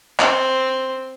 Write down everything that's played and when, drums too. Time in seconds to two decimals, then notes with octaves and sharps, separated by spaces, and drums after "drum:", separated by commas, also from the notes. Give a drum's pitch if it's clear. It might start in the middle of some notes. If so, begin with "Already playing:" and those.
0.19 C4, drum: clap